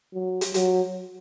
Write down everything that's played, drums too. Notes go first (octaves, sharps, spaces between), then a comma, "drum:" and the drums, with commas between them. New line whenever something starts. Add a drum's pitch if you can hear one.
F#3
drum: hi-hat
F#3, drum: hi-hat